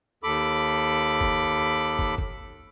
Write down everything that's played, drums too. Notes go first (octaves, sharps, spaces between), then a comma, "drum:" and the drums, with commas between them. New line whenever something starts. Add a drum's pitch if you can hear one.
D#2 A4 B5 D6
drum: kick
drum: kick
drum: kick